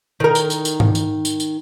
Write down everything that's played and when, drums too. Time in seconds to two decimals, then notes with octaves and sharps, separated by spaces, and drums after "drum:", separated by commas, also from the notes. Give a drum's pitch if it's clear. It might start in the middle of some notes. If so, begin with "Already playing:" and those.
0.20 D#3 A#4
0.35 drum: tambourine
0.50 drum: tambourine
0.65 drum: tambourine
0.80 drum: tom G#2
0.95 drum: tambourine
1.25 drum: tambourine
1.40 drum: tambourine